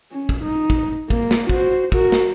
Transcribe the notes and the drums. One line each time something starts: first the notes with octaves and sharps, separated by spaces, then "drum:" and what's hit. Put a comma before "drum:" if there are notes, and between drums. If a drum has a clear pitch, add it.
C#4
drum: kick
D#4
drum: kick
A#3, drum: kick
drum: snare
F#4 C5, drum: kick
F#4 A#4, drum: kick
drum: snare